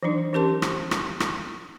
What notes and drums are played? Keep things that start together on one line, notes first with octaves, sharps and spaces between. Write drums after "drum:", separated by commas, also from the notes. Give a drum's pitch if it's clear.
E3 F#3 D4 D#4
E3 C#4 G4 A#4 A5 C6
drum: rim click
drum: rim click
drum: rim click